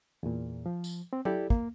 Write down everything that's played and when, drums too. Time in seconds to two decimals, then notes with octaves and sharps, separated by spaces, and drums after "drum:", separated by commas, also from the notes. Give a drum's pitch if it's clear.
0.23 E2 A#2
0.66 F3
0.84 drum: tambourine
1.13 C4
1.25 E4 G4 A4 D5, drum: tom F#3
1.50 A#3, drum: kick